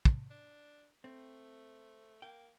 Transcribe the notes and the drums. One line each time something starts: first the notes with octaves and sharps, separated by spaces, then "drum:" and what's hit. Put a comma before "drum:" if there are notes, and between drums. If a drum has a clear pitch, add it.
drum: kick
D4
A3 C4
A#3 G5